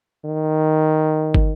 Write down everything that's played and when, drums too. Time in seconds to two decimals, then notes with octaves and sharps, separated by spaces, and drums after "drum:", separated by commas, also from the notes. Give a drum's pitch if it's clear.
0.25 D#3
1.34 drum: kick